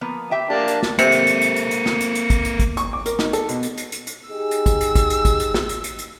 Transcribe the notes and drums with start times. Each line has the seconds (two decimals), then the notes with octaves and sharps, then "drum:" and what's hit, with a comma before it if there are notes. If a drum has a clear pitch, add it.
0.01 F3 A#3 B3
0.31 G4 E5 G5
0.50 A#3 D4 G4 A5
0.68 drum: hi-hat
0.83 drum: snare
0.99 C3 A#3 A4 C#7, drum: hi-hat
1.12 drum: hi-hat
1.27 drum: hi-hat
1.42 drum: hi-hat
1.56 drum: hi-hat
1.71 drum: hi-hat
1.86 drum: snare
2.01 drum: hi-hat
2.15 drum: hi-hat
2.30 drum: kick, hi-hat
2.45 drum: hi-hat
2.60 drum: kick, hi-hat
2.77 C#6, drum: hi-hat
2.93 D6
3.06 A#4, drum: hi-hat
3.19 D#4, drum: snare
3.33 A4, drum: hi-hat
3.49 B2, drum: hi-hat
3.63 drum: hi-hat
3.78 drum: hi-hat
3.92 drum: hi-hat
4.07 drum: hi-hat
4.30 D#4 G4 G#4 E6
4.51 drum: hi-hat
4.66 drum: kick, hi-hat
4.81 drum: hi-hat
4.95 drum: kick, hi-hat
5.10 drum: hi-hat
5.25 drum: kick, hi-hat
5.40 drum: hi-hat
5.54 drum: snare
5.69 drum: hi-hat
5.84 drum: hi-hat
5.99 drum: hi-hat